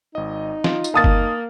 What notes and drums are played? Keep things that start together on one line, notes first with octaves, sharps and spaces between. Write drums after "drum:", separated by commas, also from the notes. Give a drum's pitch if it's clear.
G#1 D#4 D#5
F4, drum: snare
drum: tambourine
A#3 F5 A5 D#6 A6
drum: kick F#1